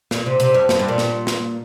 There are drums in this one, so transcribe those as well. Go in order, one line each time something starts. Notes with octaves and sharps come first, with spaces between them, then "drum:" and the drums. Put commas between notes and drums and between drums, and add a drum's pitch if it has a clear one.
A#2, drum: snare
C3
C3, drum: hi-hat
G2
F#2, drum: snare
G2
A#2
drum: snare
drum: snare